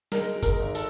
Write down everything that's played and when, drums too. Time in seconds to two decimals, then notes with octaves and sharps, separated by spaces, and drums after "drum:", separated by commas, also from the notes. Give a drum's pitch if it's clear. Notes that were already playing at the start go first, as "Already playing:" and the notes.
0.12 G#3 A#4, drum: snare
0.35 G#3
0.43 A#4, drum: kick G1, tambourine
0.59 G#1
0.75 A4, drum: tambourine